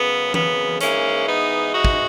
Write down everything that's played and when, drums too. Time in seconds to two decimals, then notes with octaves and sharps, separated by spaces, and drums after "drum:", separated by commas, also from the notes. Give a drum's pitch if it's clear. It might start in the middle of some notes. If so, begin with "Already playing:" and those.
Already playing: F#2 C#3 G#3 B3
0.34 B3, drum: tom E3
0.80 G#2 E3 G#3 A#3 C#4, drum: hi-hat
1.27 B3 D#4
1.73 D#4 F#4
1.85 drum: kick